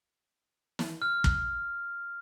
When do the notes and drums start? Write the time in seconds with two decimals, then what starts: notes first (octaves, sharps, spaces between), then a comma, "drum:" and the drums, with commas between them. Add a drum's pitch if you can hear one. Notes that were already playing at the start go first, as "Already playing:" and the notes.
0.79 drum: snare
1.02 F6
1.24 drum: kick